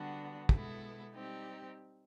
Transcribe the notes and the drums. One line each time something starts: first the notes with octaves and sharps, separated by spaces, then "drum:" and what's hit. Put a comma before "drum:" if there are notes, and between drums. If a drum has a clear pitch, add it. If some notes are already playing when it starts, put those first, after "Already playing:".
Already playing: D3 G3 B3 D4 F#4
B2 G#3 B3 E4 A4, drum: kick
G3 C4 D#4 G4